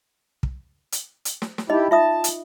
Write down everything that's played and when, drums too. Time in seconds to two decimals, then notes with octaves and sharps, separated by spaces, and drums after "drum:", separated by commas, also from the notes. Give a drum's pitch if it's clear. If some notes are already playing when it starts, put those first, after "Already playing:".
0.43 drum: kick
0.92 drum: hi-hat
1.25 drum: hi-hat
1.42 drum: snare
1.58 drum: snare
1.70 D#4 E4 G4 D#5
1.91 F4 E5 A5 D#6
2.24 drum: hi-hat